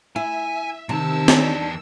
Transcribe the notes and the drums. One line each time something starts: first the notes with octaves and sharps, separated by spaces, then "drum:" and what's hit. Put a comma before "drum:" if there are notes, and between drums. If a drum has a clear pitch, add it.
E4 E5 G#5
E2 C3 D#3 A5 E6
D4 D#4, drum: snare C4